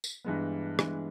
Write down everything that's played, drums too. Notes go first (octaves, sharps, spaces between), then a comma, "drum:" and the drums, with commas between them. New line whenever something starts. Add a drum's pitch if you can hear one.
drum: tambourine
G2 E3 G#3 B3
G2 E3 G#3 B3, drum: rim click